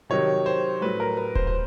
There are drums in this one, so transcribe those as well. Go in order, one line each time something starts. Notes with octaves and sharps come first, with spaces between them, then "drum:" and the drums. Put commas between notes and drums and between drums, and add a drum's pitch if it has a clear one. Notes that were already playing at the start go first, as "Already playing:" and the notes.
C3 D#3 F#3 C#5
C5
A2 F#3 B4
A#4
B4
C5, drum: kick D#1
C5